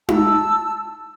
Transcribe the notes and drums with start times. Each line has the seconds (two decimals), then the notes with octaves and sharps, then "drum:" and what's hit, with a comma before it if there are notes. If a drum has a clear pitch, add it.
0.09 A5 E6, drum: tom D#4